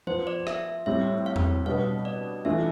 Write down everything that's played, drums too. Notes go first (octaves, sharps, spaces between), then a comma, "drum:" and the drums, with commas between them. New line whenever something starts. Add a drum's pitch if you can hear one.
F3 B3 F4 C5
D5
E5, drum: rim click
A2 G3 C4 E5
F5
drum: tom E2
B2 G3 B3 D4 F5
D5
E3 A3 D4 F4 E5